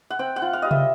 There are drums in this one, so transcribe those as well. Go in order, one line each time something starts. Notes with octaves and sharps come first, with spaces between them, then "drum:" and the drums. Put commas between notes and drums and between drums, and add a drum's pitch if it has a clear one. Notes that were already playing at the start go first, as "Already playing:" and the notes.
F#5
C4 G5
F#5
F4
F5
G3 D#5
E5, drum: tom C3